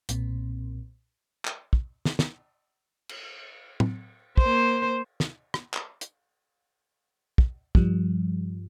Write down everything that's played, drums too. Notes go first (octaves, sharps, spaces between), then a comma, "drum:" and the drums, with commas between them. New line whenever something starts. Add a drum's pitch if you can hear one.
B1 A#2 C4, drum: hi-hat
drum: clap
drum: kick
drum: snare
drum: snare
drum: cymbal
drum: tom A2
A#3 C5, drum: kick
drum: snare
drum: rim click
drum: clap
drum: hi-hat
drum: kick
G2 F3 G3, drum: kick